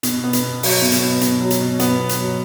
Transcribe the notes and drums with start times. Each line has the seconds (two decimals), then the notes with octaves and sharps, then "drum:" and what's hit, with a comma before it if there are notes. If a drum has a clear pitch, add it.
0.03 B2, drum: hi-hat
0.24 B3
0.33 drum: hi-hat
0.43 B2
0.63 F#3, drum: open hi-hat
0.82 B2
0.92 drum: hi-hat
1.01 B3
1.21 B2, drum: hi-hat
1.40 F#3
1.51 drum: hi-hat
1.60 B2
1.80 B3, drum: hi-hat
1.99 B2
2.09 drum: hi-hat
2.19 F#3